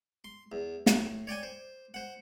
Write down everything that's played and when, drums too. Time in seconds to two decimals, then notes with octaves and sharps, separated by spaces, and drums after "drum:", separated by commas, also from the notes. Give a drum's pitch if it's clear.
0.24 C6
0.52 E2
0.86 A2, drum: snare
1.27 C#5 D5 G5 G#5
1.43 C5
1.94 C5 F#5